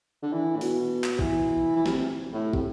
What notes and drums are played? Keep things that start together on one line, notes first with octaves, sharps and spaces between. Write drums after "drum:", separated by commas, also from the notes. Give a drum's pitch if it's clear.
D3
E3
A2
B2, drum: open hi-hat
drum: clap
E3, drum: kick
E3
B2, drum: snare
C3
A2
C3, drum: kick